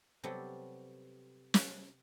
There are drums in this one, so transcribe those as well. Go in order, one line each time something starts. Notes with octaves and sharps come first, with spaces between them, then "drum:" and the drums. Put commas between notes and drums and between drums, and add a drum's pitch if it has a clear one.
C3 F#3 G3 B3 G4 A4
drum: snare